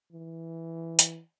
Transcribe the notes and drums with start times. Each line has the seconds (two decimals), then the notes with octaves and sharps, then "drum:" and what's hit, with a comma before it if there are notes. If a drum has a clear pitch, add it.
0.12 E3
0.99 drum: hi-hat